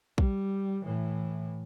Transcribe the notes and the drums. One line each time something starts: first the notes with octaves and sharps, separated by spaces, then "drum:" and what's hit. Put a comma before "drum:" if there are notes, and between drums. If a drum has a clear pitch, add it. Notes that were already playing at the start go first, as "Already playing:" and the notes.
G3, drum: kick A#1
A2 E3